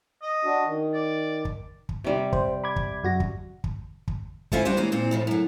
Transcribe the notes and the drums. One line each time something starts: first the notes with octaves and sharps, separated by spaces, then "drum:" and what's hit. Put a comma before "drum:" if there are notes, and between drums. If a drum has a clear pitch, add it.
D#5
D4 F#4
D#3
D5
drum: kick
drum: kick
C3 G3
C5, drum: kick
B5 D6 G#6
drum: kick
F#2 F#4 A#6
drum: kick
drum: kick
drum: kick
C#4 E4 F4 A4 C5, drum: kick
G3 D4 F#4 G4 C5 D5
E3 G#3 A#3 C4 C#4
A#2 C4
F2 A2 F3
F#2 D3